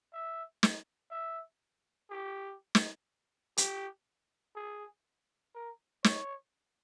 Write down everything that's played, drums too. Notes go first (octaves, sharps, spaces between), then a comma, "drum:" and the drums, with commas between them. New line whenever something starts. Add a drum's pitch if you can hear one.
E5
drum: snare
E5
G4
drum: snare
G4, drum: hi-hat
G#4
A#4
C#5, drum: snare